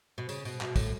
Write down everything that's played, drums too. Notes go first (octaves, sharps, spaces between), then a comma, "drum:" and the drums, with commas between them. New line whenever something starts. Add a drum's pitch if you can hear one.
B2
C#3, drum: tambourine
B2, drum: tambourine
B2, drum: clap
A2, drum: kick, tambourine